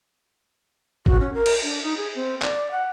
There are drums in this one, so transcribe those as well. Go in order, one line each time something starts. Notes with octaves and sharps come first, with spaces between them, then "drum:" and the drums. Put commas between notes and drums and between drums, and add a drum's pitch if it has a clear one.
F#4, drum: kick
C#4
A#4
drum: cymbal
D4
D#4
G#4
C4
D5, drum: clap
F#5